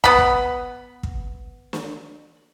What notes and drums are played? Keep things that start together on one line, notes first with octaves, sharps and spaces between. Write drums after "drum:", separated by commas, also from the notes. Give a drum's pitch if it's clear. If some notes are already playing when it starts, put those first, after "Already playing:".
B3 F#5 B5, drum: kick
drum: kick
drum: kick
drum: snare